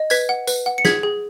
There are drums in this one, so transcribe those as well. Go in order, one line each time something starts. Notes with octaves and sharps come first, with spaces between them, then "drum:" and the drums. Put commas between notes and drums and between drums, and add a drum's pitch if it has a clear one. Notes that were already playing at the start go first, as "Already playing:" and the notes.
Already playing: D#5
B4 G#6 B6, drum: tambourine
F#5
B4, drum: tambourine
F#5
C#7
G#4 G#6 B6, drum: snare
G#4